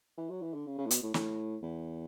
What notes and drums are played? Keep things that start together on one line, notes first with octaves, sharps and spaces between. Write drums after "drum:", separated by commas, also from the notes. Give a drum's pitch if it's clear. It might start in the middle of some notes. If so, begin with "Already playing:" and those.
E3
F#3
E3
D3
C#3
C#3
A2
B2, drum: hi-hat
A2
A2, drum: snare
E2